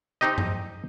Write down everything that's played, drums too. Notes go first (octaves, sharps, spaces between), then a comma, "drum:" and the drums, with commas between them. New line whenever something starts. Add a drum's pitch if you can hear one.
C4 D#4 G4 D#5
drum: tom G2